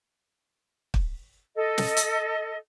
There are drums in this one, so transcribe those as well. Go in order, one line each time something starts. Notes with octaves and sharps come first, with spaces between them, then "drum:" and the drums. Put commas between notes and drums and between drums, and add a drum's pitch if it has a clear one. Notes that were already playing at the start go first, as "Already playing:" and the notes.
drum: kick
A4 D#5
drum: snare
drum: hi-hat